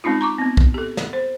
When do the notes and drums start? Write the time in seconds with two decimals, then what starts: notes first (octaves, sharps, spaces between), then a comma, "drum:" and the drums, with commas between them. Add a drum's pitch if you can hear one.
0.04 G#3 C4 C#4 D#4 F4
0.21 A#5 C#6 D6
0.39 B3 C4
0.57 drum: kick
0.74 G4 A4
0.97 drum: snare
1.13 C5